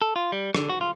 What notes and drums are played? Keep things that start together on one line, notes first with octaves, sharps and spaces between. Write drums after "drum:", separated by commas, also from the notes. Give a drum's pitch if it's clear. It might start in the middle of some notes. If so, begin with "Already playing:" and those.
A4
F4
G3
D3, drum: rim click
F#4
F4